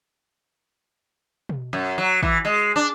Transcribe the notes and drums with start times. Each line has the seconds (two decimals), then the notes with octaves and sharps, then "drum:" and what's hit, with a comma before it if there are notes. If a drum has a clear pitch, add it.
1.49 drum: tom B2
1.73 F#2
1.98 F#3
2.23 E3, drum: kick
2.45 G#3
2.76 D4